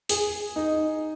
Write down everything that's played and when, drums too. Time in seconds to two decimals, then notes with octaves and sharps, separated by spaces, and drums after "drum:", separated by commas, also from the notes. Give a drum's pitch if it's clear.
0.09 G#4, drum: open hi-hat
0.56 D#4